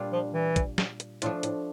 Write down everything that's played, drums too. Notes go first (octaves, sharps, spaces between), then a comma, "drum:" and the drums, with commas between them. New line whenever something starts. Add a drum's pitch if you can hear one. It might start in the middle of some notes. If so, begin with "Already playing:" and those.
Already playing: A#2 G3 D4 F4
F3
E3
drum: kick, hi-hat
drum: snare
drum: hi-hat
A2 F3 A3 D4 F4, drum: hi-hat
A2, drum: hi-hat